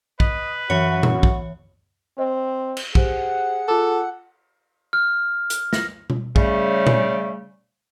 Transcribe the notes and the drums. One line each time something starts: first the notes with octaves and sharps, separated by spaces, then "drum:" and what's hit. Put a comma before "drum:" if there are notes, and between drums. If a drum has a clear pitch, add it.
B4 D#5, drum: kick
F#2 E3 F#4 C#5
drum: tom A#2
drum: kick
C4 C5 D#5
drum: cymbal
G4 G#4 C5 F#5, drum: kick
F4 A4 A5 D6
F6
drum: hi-hat
A#6, drum: snare
drum: tom B2
C#3 G3 A3, drum: kick
drum: tom A#2